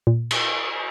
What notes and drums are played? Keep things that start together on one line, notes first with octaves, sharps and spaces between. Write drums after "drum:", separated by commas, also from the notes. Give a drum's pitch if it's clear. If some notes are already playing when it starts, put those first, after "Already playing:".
A#2
drum: cymbal